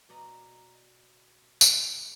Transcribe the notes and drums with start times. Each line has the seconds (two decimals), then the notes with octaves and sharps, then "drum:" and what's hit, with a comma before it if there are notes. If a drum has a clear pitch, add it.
0.09 B2 D5 D#5 A#5
1.61 drum: tambourine